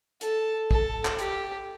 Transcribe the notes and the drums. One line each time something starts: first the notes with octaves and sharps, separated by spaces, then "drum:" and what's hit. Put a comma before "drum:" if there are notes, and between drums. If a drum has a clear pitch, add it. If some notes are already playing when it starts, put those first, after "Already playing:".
A4, drum: hi-hat
A4, drum: kick
drum: clap
G4, drum: hi-hat